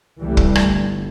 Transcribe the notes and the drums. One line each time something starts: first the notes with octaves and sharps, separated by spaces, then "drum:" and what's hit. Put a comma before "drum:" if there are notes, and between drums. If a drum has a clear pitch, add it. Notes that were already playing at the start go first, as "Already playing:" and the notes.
C2 E3 G3 A3
drum: kick
drum: rim click
G1